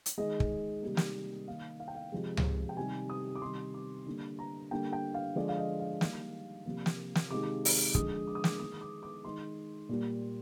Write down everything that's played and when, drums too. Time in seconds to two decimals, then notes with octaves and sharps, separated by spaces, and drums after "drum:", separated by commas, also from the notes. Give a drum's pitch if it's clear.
0.06 drum: hi-hat
0.18 D#3 G#3 D#5
0.40 drum: kick
0.82 C3 D#3 G3 A#3
0.97 drum: snare
1.48 D#3 A#3 F5
1.80 F5
1.88 G5
1.95 F5
2.12 C3 F3 G#3
2.37 drum: tom C#2
2.69 G5
2.77 C3 D#3 G3 G#5
3.10 D#6
3.36 D6
3.42 C3 D#3 G3 C6
3.74 D6
4.06 D3 G3 A#3
4.39 A#5
4.71 D3 G3 A#3 G5
4.93 G5
5.14 F5
5.35 D3 F3 G#3 D5
5.49 F5
5.57 D#5
5.79 F5
6.01 D#3 G3 A#3, drum: snare
6.65 C3 F3 A#3
6.86 drum: snare
7.15 drum: snare
7.30 C3 D#3 G#3 D6
7.65 drum: open hi-hat
7.95 D3 F3 G#3 D#6, drum: kick
8.27 D6
8.35 D#6
8.44 D6, drum: snare
8.59 D#3 G#3 D#6
8.81 D6
9.03 D6
9.25 D#3 G#3 C6
9.89 A#2 G3 A#3